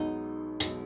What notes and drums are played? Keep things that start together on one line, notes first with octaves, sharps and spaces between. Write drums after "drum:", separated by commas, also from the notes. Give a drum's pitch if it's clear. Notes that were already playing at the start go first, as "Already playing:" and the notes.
Already playing: B1 B2 G#3 B3 D#4
B1 B2 G#3 B3, drum: hi-hat